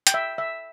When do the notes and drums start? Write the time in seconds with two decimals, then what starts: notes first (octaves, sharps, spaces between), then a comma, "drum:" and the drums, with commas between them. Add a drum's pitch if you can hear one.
0.07 G5, drum: hi-hat
0.14 E5
0.38 E5